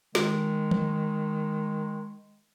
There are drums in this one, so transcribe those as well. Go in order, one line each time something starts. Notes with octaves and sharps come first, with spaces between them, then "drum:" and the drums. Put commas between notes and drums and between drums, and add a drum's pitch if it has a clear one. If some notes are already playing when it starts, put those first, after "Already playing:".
D#3 G#3, drum: snare
drum: tom D#3